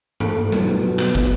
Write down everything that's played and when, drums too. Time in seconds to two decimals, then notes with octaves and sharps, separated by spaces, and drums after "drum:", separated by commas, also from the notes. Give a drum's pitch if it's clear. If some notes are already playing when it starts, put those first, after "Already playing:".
0.20 A3, drum: tom
0.36 A3
0.52 B2, drum: tom F#3
0.67 F#3
0.83 B2
0.99 B2, drum: clap
1.15 B2, drum: kick